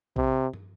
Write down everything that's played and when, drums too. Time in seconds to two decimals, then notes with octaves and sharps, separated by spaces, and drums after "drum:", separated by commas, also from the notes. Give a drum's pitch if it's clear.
0.16 C3, drum: kick A#1
0.53 drum: tom